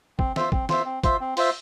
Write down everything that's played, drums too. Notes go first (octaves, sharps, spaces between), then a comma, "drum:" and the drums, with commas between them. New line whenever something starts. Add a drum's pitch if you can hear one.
C4, drum: kick
F4 C5 E5, drum: snare
C4, drum: kick
F4 C5 E5, drum: snare
C4
F4 C5 E5, drum: kick, hi-hat
C4
F4 C5 E5, drum: open hi-hat